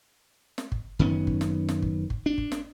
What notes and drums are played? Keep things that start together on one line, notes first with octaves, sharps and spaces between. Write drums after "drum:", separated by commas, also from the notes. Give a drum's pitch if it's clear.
drum: snare
drum: kick G1
F#2 D#3 B3 C#4, drum: kick G1
drum: kick G1
drum: snare
drum: snare
drum: kick G1
drum: kick G1
D4
drum: kick G1
drum: snare